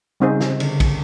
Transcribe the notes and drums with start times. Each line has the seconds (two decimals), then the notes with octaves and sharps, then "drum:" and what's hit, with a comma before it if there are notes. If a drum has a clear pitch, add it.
0.20 C#3 G3 C4 D#4 G#4 C5
0.40 drum: snare
0.60 D3, drum: cymbal
0.80 drum: kick A#1, cymbal